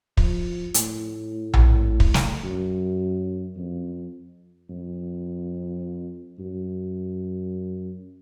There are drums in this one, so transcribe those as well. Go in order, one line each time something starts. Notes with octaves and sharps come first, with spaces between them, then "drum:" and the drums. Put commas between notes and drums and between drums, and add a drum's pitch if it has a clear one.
F3, drum: kick
A2, drum: hi-hat
drum: tom A#1
drum: kick
drum: snare
F#2
F2
F2
F#2